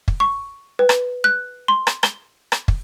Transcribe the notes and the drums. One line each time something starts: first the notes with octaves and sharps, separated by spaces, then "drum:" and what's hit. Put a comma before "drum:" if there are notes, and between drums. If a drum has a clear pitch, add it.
drum: kick
C#6
B4
drum: rim click
F#6
C6
drum: rim click
G7, drum: rim click
drum: rim click
drum: kick